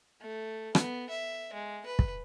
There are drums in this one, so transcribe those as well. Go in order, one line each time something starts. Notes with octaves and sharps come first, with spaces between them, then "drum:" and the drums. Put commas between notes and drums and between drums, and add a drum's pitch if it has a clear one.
A3
B3, drum: rim click
E5
G#3
B4
drum: kick